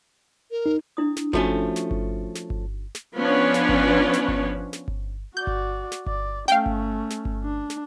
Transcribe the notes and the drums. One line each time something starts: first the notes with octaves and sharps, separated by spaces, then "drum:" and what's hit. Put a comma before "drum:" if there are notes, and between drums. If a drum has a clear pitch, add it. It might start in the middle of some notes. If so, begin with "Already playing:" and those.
A#4
D#4
D4 E4 D#6
drum: snare
F3 A3 C#4 D#4 F#4 A4, drum: kick G1
drum: snare
drum: kick G1
drum: snare
drum: kick G1
drum: snare
F3 B3 C#4 D4 B4 C#5
drum: snare
drum: kick G1
drum: snare
drum: kick G1
drum: snare
drum: kick G1
F#4 D5 G6
drum: kick G1
drum: snare
D5, drum: kick G1
A3 C#4 F5 G5, drum: snare
drum: kick G1
drum: snare
drum: kick G1
D4
drum: snare